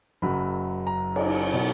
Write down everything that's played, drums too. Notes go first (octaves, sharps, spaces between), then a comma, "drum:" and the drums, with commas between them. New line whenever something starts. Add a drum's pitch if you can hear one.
F#1 F#2 C#3 F#3 B5
A#5
drum: cymbal
B2 F#3